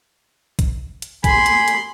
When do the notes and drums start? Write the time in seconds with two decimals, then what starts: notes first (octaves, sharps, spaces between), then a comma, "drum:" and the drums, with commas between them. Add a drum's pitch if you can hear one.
0.59 drum: kick, hi-hat
1.02 drum: hi-hat
1.24 G#5 B5 C6, drum: kick, hi-hat
1.46 drum: hi-hat
1.68 drum: hi-hat